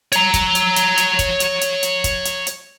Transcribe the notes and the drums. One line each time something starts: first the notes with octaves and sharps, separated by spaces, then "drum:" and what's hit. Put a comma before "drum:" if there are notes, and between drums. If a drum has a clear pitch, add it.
C#5 A#5, drum: hi-hat
drum: kick, hi-hat
drum: hi-hat
drum: hi-hat
drum: hi-hat
drum: kick, hi-hat
drum: hi-hat
drum: hi-hat
drum: hi-hat
drum: kick, hi-hat
drum: hi-hat
drum: hi-hat